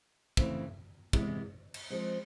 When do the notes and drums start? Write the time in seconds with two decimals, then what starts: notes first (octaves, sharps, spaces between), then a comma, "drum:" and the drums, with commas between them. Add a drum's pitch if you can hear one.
0.37 C#3 E3 A3 C4, drum: kick
1.13 C3 E3 G#3 B3, drum: kick
1.74 drum: cymbal
1.90 F3 G#3 C4